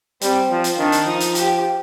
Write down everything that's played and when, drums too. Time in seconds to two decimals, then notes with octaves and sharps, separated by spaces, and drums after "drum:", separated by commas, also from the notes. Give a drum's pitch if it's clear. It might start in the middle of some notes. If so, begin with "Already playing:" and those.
0.21 G3 C4, drum: hi-hat
0.50 F3
0.64 drum: hi-hat
0.78 D#3 D4
0.92 drum: hi-hat
1.06 F3 D#4
1.20 drum: hi-hat
1.35 G4, drum: hi-hat